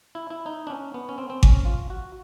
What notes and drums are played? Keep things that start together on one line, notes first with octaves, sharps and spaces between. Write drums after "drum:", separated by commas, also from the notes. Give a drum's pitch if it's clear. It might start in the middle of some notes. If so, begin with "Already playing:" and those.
E4
E4
D#4
D4
C#4
B3
C#4
C4
C4
C#4, drum: kick G#1
F4
F#4